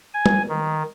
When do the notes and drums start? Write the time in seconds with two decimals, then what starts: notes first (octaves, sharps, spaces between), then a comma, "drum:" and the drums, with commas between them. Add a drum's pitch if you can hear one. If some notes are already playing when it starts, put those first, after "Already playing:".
0.14 G#5
0.26 drum: tom G3
0.49 D#3